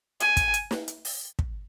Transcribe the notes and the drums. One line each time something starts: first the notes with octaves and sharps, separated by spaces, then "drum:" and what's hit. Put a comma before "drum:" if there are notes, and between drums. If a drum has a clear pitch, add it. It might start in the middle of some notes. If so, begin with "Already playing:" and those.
G#5, drum: hi-hat
drum: kick, hi-hat
drum: hi-hat
drum: snare
drum: hi-hat
drum: open hi-hat
drum: kick